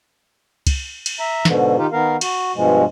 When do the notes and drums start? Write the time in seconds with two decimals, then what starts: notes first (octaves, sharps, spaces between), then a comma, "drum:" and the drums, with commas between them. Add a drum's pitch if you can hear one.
0.67 drum: kick, cymbal
1.06 drum: cymbal
1.20 E5 A#5
1.45 G#2 B2 D3, drum: snare
1.78 D#3 D#4 F4 G4
1.92 D#3 B3 A#4 F5
2.21 F#4, drum: cymbal
2.56 G2 B2 F3 G#3